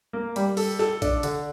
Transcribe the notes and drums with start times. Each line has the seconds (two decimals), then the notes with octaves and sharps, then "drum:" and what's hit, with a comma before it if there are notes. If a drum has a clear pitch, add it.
0.13 A#3
0.36 G3, drum: hi-hat
0.57 A4, drum: open hi-hat
0.79 A4, drum: snare
1.02 D4, drum: kick A#1, hi-hat
1.23 D3, drum: hi-hat